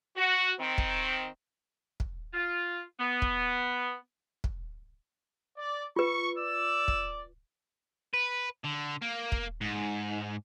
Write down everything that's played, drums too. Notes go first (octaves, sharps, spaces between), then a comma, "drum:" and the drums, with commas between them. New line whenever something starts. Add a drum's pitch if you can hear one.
F#4
D#3 C4
drum: kick
drum: kick
F4
B3
drum: kick
drum: kick
D5
F4 B4 C#6
D5 E6
drum: kick
B4
D3
A#3
drum: kick
G#2